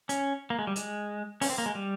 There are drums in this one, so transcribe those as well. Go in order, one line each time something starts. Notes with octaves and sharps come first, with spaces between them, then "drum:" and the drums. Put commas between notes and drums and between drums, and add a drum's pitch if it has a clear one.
C#4, drum: hi-hat
A#3
G#3
G3
G#3, drum: hi-hat
C#4, drum: open hi-hat
C4
A#3
G#3
G3